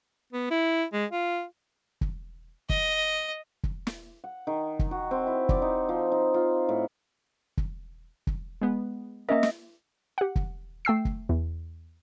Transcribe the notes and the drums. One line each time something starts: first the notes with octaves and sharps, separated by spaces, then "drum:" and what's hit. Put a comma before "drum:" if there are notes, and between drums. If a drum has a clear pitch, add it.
B3
E4
G#3
F4
drum: kick
D#5, drum: kick
drum: kick
drum: snare
F#5
D#3
drum: kick
F#4
C4
E4
D5, drum: kick
D#4
F3
D#4
F4
A2
drum: kick
drum: kick
G#3 B3
A#3 C#4 A#4 D#5 E5
drum: snare
G4 F#5
drum: kick
A3 G5 E6 C7
drum: kick
E2